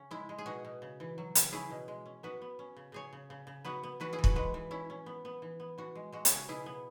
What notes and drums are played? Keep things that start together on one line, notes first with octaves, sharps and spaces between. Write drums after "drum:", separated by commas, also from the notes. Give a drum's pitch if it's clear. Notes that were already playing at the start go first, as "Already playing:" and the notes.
Already playing: C#3 C#4
G#3 E4
G#3
G#4
B2 F#4
B2
C#3
E3
F#3
C#3, drum: hi-hat
C#4 E4 G#4
B2
G#3
C#4
B3 F#4 B4
B3
C#4
C#3
C#3 G#4 C#5
C#3
C#3
C#3
B3 F#4 B4
B3
E3 F#4 B4
E4 G#4
E3
F#4 B4, drum: kick
G#3 F#4 B4
E3
C#4 E4
C#4
B3
B3
E3
B3
E3 F#4
G#3
G#3 F#4
G#4 C#5, drum: hi-hat
C#3
F#4
B2 E4 G#4
B3